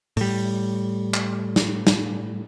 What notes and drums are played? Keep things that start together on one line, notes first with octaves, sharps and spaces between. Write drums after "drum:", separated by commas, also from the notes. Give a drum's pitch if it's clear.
A2 G3, drum: open hi-hat
drum: clap
drum: snare
drum: snare